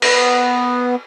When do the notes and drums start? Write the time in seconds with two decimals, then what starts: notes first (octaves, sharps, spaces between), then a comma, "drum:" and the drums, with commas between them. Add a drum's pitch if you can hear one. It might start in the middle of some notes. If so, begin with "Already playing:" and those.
0.02 B3, drum: cymbal